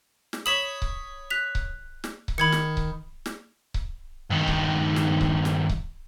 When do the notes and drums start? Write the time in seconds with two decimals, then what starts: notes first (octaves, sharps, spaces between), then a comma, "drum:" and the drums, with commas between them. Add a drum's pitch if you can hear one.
0.33 drum: snare
0.46 C#5 B5 D#6 B6 E7 F#7
0.82 drum: kick C#1
1.30 F#6 B6 F7
1.55 drum: kick C#1
2.04 drum: snare
2.28 drum: kick C#1
2.38 D#3 B5 G#6 C#7
2.52 drum: snare
2.77 drum: kick C#1
3.26 drum: snare
3.74 drum: kick C#1
4.30 G2 D#3
4.48 drum: kick C#1
4.96 drum: snare
5.21 drum: kick C#1
5.45 drum: snare
5.69 drum: kick C#1